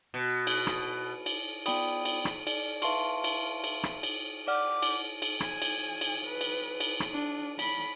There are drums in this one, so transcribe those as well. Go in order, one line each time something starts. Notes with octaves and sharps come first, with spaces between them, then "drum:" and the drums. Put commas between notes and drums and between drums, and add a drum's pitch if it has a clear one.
B2
drum: cymbal
drum: rim click
drum: cymbal
B3 F4 D5 G5 B5 D#6, drum: cymbal
drum: cymbal
drum: rim click
D5, drum: cymbal
B4 E5 F5 A5 C6 C#6, drum: cymbal
drum: cymbal
drum: cymbal
drum: rim click
drum: cymbal
D5 F#5 D6 F6
drum: cymbal
drum: cymbal
G#5, drum: rim click
drum: cymbal
drum: cymbal
B4
drum: cymbal
drum: cymbal
drum: rim click
D4
B5, drum: cymbal